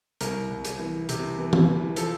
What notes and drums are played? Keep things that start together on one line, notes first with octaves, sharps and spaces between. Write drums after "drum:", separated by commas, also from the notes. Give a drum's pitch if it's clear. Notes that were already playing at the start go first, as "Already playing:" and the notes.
C2 A#4, drum: hi-hat
C2
drum: hi-hat
E3
C3, drum: hi-hat
E3
drum: tom E3
E3
F3 A4, drum: hi-hat